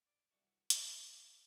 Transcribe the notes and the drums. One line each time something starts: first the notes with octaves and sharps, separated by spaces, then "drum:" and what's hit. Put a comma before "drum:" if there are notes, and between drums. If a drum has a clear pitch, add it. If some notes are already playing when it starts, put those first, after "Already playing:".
D5
C2 E3 D4 F#4 E5 C#6
F#2 A#2 C#3 F#3 C4 C#4, drum: hi-hat
C#2 B4
C#2 B3 B4 G5 A#5 B5